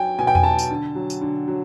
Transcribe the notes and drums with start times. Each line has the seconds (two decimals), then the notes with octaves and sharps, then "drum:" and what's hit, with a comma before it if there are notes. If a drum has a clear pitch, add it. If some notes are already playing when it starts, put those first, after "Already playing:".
Already playing: F#3 G5 G#5
0.19 B2 G#5
0.27 G5
0.35 G#5, drum: tom E2
0.43 F#3 A5
0.59 drum: tambourine
0.70 D3
0.95 F#3
1.10 drum: tambourine
1.21 D3
1.48 F#3